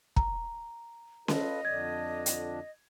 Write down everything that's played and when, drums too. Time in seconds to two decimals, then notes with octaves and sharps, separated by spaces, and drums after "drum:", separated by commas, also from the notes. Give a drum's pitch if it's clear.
0.16 A#5, drum: kick
1.28 F4 A4 B4 D#5, drum: snare C#4
1.65 F2 D3 D4 G#6
2.26 drum: hi-hat